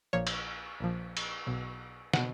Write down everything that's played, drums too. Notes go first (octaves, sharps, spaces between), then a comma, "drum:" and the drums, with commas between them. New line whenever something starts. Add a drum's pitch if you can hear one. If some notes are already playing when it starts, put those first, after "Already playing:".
A#1 A#2 F3 C#5
drum: cymbal
A#1 A#2 F3
drum: cymbal
B1 B2
B2 F#5, drum: snare